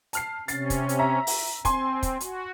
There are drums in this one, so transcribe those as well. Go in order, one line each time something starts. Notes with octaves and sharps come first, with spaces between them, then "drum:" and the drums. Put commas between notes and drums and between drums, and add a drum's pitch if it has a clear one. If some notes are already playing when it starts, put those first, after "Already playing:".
A5 F6 C7, drum: hi-hat
C3 C#4 A6 C7, drum: hi-hat
drum: kick, hi-hat
drum: hi-hat
E5 A#5
drum: open hi-hat
C4 G#5 C6, drum: kick, hi-hat
drum: kick, hi-hat
F#4, drum: hi-hat